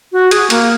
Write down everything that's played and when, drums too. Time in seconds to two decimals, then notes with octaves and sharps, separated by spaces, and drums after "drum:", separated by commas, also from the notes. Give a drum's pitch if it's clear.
0.12 F#4
0.31 G#4, drum: hi-hat
0.50 A#3, drum: hi-hat